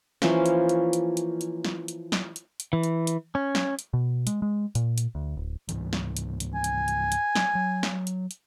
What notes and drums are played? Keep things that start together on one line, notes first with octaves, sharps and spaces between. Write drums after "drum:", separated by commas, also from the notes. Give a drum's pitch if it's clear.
E3 F3 A#3 C#4, drum: snare
drum: hi-hat
drum: hi-hat
drum: hi-hat
drum: hi-hat
drum: hi-hat
drum: snare
drum: hi-hat
drum: snare
drum: hi-hat
drum: hi-hat
E3
drum: hi-hat
drum: hi-hat
C#4
drum: snare
drum: hi-hat
B2
G#3, drum: hi-hat
G#3
A#2, drum: hi-hat
drum: hi-hat
D2
D1
C#2 G#2 E3, drum: hi-hat
drum: snare
drum: hi-hat
drum: hi-hat
G#5
drum: hi-hat
drum: hi-hat
drum: hi-hat
drum: snare
F#3
drum: snare
drum: hi-hat
drum: hi-hat